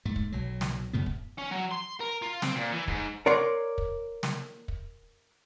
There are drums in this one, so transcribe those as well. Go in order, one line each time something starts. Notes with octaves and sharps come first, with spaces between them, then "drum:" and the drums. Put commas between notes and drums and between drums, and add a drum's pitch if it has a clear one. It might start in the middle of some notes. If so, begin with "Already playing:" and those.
G#2 A3
drum: kick
B1 F#3
drum: snare
F#2 A2 C#3 B3
drum: kick
C#4
F#3
C6
A#4
F4
C4, drum: snare
A#2
E3
G#2, drum: kick
A#4 C#5 D5 F#5 C6
drum: kick
drum: snare
drum: kick